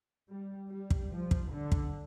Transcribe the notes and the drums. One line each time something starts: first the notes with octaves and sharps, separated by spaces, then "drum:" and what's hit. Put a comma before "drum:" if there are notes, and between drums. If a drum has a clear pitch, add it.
G3
G3
drum: kick
F3
drum: kick
D3
drum: kick